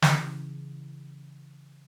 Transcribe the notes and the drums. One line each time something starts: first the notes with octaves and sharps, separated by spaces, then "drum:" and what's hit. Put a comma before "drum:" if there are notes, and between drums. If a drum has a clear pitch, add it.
C#3 E3, drum: snare